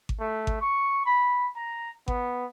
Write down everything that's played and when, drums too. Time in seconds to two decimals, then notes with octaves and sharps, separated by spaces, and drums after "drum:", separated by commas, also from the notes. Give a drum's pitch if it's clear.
0.09 drum: kick G#1
0.20 A3
0.47 drum: kick G#1
0.61 C#6
1.06 B5
1.56 A#5
2.08 B3, drum: kick G#1